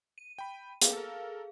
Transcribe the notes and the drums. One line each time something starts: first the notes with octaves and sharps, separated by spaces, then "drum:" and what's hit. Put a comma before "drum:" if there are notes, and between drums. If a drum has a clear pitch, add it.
D#7
G5 B5
A#3 B3 G4 G#4 F5, drum: hi-hat
A4 A#4